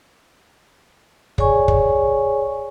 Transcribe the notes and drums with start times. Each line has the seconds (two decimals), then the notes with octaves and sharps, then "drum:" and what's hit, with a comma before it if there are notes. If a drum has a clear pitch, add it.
1.38 G#4 C#5 D5 G#5 C#6, drum: kick
1.68 drum: kick